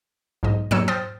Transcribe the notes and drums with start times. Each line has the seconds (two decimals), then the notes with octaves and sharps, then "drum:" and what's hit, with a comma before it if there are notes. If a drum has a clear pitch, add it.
0.43 B1 G#2 D#5
0.71 F#3 A#3 C#5 E6 C#7 E7, drum: tom G#2
0.88 C5 G5 D#6 F6 A6